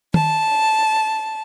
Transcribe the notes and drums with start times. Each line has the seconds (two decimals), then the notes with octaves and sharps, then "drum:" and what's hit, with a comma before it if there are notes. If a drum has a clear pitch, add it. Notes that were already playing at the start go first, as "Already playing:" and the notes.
0.14 A5, drum: tom